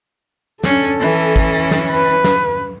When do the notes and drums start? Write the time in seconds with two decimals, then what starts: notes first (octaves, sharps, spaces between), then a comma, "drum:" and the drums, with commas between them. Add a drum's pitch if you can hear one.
0.64 C#4 D4 A4, drum: snare
1.00 E3 C#4
1.36 drum: kick G#1
1.71 drum: snare
1.91 B4
2.24 drum: snare